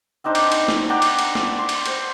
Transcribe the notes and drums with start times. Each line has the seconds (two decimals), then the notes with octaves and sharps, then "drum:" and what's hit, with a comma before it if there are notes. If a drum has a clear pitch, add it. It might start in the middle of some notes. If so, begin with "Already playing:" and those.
0.24 C4 D4 D#4 C5
0.35 drum: cymbal
0.52 drum: cymbal
0.68 drum: snare
0.90 D5 F#5 G5 A#5
1.02 drum: cymbal
1.19 drum: cymbal
1.35 drum: snare
1.58 C6
1.69 drum: cymbal
1.86 C5, drum: cymbal